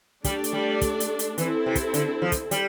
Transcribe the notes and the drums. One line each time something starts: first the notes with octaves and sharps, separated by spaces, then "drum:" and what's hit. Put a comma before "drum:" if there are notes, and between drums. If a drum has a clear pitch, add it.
G3 A3 D4 A4 D5, drum: kick, hi-hat
drum: hi-hat
G3
drum: kick, hi-hat
drum: hi-hat
drum: hi-hat
E3 C4 E4 A4, drum: hi-hat
C3
drum: kick, hi-hat
D3, drum: hi-hat
F3
drum: kick, hi-hat
G3, drum: hi-hat